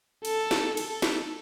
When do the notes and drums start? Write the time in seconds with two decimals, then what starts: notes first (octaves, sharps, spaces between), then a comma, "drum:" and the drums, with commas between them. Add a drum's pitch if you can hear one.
0.25 A4, drum: cymbal
0.51 drum: snare
0.77 A4, drum: cymbal
1.02 drum: snare